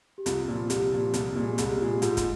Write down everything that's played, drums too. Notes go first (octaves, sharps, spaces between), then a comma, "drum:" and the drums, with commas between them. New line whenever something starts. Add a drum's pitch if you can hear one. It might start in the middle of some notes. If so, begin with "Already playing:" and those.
G4
C2 F4, drum: hi-hat
A#2 F3
C2 G4, drum: hi-hat
A#2 F3
C2, drum: hi-hat
A#2 G#3
C2 G#4, drum: hi-hat
G4
A#2 G#3 F4
G4
G#2 F4, drum: hi-hat
drum: kick, hi-hat